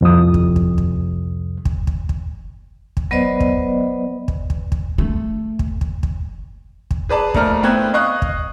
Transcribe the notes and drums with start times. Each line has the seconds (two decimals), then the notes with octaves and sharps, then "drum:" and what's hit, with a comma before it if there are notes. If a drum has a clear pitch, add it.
0.01 C2 F2 C3 D#6
0.34 drum: kick
0.56 drum: kick
0.78 drum: kick
1.65 drum: kick
1.87 drum: kick
2.09 drum: kick
2.97 drum: kick
3.11 F#3 B3 B4 C5 D5 D#5
3.40 drum: kick
4.28 drum: kick
4.50 drum: kick
4.72 drum: kick
4.98 A3
5.59 drum: kick
5.81 drum: kick
6.03 drum: kick
6.91 drum: kick
7.09 G#4 B4 D5 A5
7.34 F2 A3 A#3 D4 A#5 F6, drum: kick
7.63 A2 B3 C4 F#6 G#6
7.94 D#5 F5 C#6 D#6 F#6
8.22 drum: kick